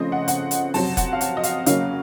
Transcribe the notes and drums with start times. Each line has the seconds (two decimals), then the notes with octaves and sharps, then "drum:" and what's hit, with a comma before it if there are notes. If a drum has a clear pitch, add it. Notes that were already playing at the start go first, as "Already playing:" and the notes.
Already playing: C#3 F3 A3 C4 D#5
0.12 F#5
0.28 F#5, drum: hi-hat
0.51 drum: hi-hat
0.74 F2 C3 F#3 C4 A5, drum: open hi-hat
0.97 F#5, drum: kick F1, hi-hat
1.13 F5
1.21 F#5, drum: hi-hat
1.37 D#5
1.43 F5, drum: hi-hat
1.66 C#3 F#3 A#3 C#4 F5, drum: hi-hat